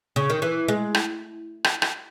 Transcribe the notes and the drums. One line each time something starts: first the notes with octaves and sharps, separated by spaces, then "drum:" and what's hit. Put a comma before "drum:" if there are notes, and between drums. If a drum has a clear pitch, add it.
C#3
D#3
E3
G#3
drum: rim click
drum: rim click
drum: rim click